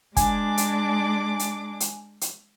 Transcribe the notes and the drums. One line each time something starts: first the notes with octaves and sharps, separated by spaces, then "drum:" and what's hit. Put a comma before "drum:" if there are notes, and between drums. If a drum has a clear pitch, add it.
G#3 D4 G#5 D6, drum: kick, hi-hat
drum: hi-hat
drum: hi-hat
drum: hi-hat
drum: hi-hat